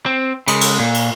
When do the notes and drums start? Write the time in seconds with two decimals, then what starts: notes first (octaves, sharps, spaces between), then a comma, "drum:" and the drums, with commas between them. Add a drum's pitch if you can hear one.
0.06 C4
0.48 C#3 G#3, drum: cymbal
0.61 drum: cymbal
0.79 A#2
0.94 drum: cymbal